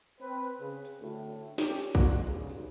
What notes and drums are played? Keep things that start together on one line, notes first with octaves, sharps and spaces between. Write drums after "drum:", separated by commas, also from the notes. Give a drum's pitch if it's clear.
C4 B4
C#3
drum: hi-hat
D2 A2
C#4 D4 G4, drum: snare
G#1 G#2 G#3 D4 F4 F#4, drum: kick
B1 G2 C#3
drum: tambourine